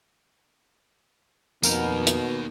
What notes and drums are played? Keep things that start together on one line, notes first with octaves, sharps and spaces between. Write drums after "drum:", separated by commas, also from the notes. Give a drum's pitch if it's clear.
F2 B2 A#3 D#4 A#4 F6, drum: tambourine
drum: hi-hat